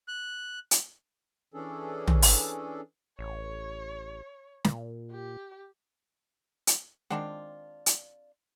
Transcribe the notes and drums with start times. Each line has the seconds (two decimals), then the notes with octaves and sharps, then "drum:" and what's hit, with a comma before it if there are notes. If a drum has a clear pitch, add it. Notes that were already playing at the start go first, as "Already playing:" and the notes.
0.08 F#6
0.71 drum: hi-hat
1.54 E3 C#4 D4 G#4 A4
2.07 drum: tom
2.22 drum: open hi-hat
3.19 A1 C#5
4.65 A#2, drum: snare
5.11 G4
6.67 drum: hi-hat
7.10 D#3 G#3 C4 D4 F4 F#5
7.86 drum: hi-hat